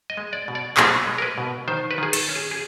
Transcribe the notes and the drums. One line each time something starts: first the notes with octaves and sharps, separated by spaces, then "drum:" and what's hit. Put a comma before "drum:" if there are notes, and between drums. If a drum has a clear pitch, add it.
D#5
G#3
D5
B2
D5
B2 C5, drum: clap
G#3
A#4
B4
B2
D#3 C5
B4
D#3 G#4
A4, drum: cymbal
C#4
G#4
G#4